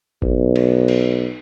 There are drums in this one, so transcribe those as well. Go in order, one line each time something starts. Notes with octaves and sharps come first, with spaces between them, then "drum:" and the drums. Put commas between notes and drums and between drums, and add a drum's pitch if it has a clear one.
B1, drum: kick G1
drum: cymbal
drum: cymbal